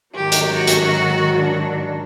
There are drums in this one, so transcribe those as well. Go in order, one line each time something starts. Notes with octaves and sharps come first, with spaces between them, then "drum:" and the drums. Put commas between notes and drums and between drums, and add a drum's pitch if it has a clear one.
G#2 D#3 F#3 G4
drum: hi-hat
F#4
drum: hi-hat
D4